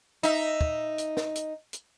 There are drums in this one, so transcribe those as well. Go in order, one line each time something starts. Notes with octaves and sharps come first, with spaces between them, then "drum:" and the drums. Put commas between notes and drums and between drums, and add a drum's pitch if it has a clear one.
D#4 E5, drum: hi-hat
drum: kick
drum: hi-hat
drum: snare
drum: hi-hat
drum: hi-hat